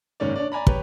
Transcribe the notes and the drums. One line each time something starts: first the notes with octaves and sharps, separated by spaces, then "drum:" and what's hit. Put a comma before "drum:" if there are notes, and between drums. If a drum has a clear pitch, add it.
F#1 G#2 D#3 C#4 C#5 D5
D4 C#5 D5
D5 G#5 A#5 B5
G4 B4 C#5, drum: kick